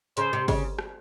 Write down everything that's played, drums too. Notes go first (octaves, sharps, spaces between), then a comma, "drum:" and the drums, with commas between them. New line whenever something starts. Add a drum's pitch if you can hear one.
C#3 C5, drum: hi-hat
C3
C#3, drum: kick G1, open hi-hat
drum: rim click